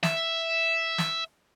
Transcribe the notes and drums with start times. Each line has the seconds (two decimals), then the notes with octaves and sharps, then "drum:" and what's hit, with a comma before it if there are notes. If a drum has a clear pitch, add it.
0.03 E5, drum: snare
0.98 drum: snare